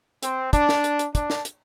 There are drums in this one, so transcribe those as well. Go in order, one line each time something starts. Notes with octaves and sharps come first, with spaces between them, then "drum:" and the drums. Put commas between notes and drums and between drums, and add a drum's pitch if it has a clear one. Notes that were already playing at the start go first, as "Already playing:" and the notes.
C4, drum: hi-hat
D4, drum: kick, hi-hat
drum: snare
drum: hi-hat
drum: hi-hat
D4, drum: kick, hi-hat
drum: snare
drum: hi-hat